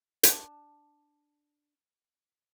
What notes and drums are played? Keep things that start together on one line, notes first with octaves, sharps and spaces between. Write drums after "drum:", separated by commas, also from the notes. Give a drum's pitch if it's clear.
D4 A5, drum: hi-hat